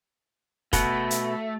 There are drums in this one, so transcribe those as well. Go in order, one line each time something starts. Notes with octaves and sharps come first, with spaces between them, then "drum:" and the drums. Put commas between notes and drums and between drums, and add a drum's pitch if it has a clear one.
B2 A3, drum: kick, hi-hat
drum: hi-hat